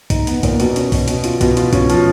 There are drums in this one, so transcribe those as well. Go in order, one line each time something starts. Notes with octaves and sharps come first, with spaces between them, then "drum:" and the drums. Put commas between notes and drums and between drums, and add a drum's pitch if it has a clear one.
D#4, drum: kick, hi-hat
B3, drum: hi-hat
A#2, drum: kick, hi-hat
B2, drum: hi-hat
C#4, drum: hi-hat
B2, drum: kick, open hi-hat
B2, drum: hi-hat
F4, drum: hi-hat
B2, drum: kick, hi-hat
F4, drum: hi-hat
C#4, drum: kick, hi-hat
F3, drum: hi-hat